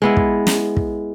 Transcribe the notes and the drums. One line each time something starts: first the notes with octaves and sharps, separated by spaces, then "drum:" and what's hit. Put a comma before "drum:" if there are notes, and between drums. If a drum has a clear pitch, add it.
G#3 B3 E4
drum: kick
drum: snare
drum: kick